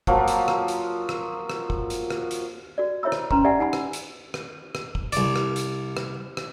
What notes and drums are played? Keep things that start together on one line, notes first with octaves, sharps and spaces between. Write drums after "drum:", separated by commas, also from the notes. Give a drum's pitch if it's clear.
F3 F#3 A#3, drum: kick
drum: hi-hat
drum: rim click
drum: hi-hat
drum: rim click
drum: rim click
drum: kick
drum: hi-hat
drum: rim click
drum: hi-hat
F#4 D5
E4 C5 C#5 E5 B5 E6
drum: rim click
C#4 B4 A#5 C6, drum: kick
G4 D5 E5 F#5 G#5
D#4 F#5 G#5 B5
drum: rim click
drum: hi-hat
drum: rim click
drum: rim click
drum: kick
C2 D5, drum: hi-hat
drum: rim click
drum: hi-hat
drum: rim click
drum: rim click